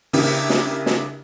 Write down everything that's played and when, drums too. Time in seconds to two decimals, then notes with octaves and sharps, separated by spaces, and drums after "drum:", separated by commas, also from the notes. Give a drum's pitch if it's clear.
0.13 C#3 A#3 D4 E4 G4, drum: open hi-hat
0.50 drum: snare
0.86 drum: snare